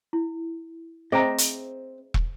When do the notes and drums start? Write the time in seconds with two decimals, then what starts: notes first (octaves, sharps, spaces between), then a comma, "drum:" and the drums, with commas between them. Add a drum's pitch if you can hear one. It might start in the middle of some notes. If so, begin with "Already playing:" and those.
0.13 E4
1.12 C4 G#4 C5 D#5 E5 G5 A#5
1.38 drum: hi-hat
2.14 drum: kick